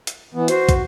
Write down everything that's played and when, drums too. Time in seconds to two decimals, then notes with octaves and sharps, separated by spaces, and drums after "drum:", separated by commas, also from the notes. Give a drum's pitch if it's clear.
0.07 drum: hi-hat
0.34 E3 B3
0.48 F#4 C5, drum: hi-hat
0.69 drum: kick, hi-hat